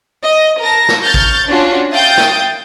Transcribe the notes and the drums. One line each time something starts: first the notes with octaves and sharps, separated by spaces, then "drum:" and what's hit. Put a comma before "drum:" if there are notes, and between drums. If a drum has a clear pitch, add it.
D#5
A#4 A5 A#6
drum: snare
C#6 F6 G6 A6
drum: kick
C#4 D4 F4 F#4
E5 F5 G5 D#6 G6 A6
drum: snare